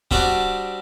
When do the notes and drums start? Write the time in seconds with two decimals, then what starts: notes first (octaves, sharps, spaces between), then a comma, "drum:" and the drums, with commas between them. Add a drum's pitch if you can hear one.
0.11 G3 C4 D4 F#4 D5, drum: kick C#1